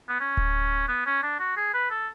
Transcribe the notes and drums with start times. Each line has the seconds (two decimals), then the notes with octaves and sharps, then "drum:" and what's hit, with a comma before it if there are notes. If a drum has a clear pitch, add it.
0.09 B3
0.21 C#4
0.37 drum: kick D1
0.88 B3
1.06 C#4
1.23 D4
1.40 F#4
1.57 G#4
1.74 B4
1.91 A4